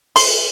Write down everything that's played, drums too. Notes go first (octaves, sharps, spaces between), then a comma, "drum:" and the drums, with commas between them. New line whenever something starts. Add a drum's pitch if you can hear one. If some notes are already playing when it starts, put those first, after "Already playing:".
C6, drum: open hi-hat